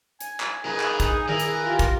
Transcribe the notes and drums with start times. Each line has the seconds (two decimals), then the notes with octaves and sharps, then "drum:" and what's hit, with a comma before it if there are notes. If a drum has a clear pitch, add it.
0.21 G#5, drum: hi-hat
0.40 drum: clap
0.65 D#3 G#4 B4 G#5
0.80 drum: clap
1.00 D#4, drum: kick, hi-hat
1.29 D#3 E3 A#4
1.40 drum: hi-hat
1.64 F4 G4
1.79 drum: kick, hi-hat